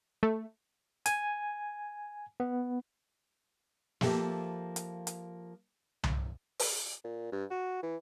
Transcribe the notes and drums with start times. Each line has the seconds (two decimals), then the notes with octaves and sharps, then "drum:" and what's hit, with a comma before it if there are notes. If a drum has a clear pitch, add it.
0.23 A3
1.06 G#5, drum: hi-hat
2.40 B3
4.01 F3 A#3 G4 A4 E5, drum: snare
4.76 drum: hi-hat
5.07 drum: hi-hat
6.03 drum: tom C2
6.59 drum: open hi-hat
7.04 A#2
7.32 G2
7.51 F#4
7.83 E3